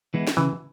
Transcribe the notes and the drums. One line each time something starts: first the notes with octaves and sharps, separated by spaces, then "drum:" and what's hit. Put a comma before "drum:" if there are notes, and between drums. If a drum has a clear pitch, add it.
E3 G#3 B3 E4
drum: snare
C#3 E3